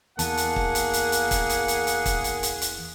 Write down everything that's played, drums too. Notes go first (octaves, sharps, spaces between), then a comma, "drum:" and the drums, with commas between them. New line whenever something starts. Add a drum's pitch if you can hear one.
E2 A#3 G#4 F#5 A5, drum: hi-hat
drum: hi-hat
drum: kick
drum: hi-hat
drum: hi-hat
drum: hi-hat
drum: kick, hi-hat
drum: hi-hat
drum: hi-hat
drum: hi-hat
drum: kick, hi-hat
drum: hi-hat
drum: hi-hat
drum: hi-hat